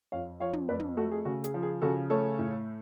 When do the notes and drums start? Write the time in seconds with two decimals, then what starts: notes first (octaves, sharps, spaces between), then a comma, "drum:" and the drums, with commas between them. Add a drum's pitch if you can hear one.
0.12 F2 C#5 F5
0.40 F3 C#5 F5
0.53 drum: tom
0.69 F2 B4 D5
0.80 drum: tom
0.97 A3 F#4 A4
1.11 G#4
1.25 C#3 F#4
1.44 G#4, drum: hi-hat
1.54 F3
1.63 G#4
1.82 C#3 F#4 A4
2.10 A3 A4 C#5
2.39 A2